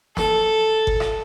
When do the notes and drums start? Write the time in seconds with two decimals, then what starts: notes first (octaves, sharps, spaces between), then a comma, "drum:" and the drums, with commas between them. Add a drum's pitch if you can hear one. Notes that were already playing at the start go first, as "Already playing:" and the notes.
0.17 A4, drum: snare
0.87 drum: kick G1
1.00 drum: rim click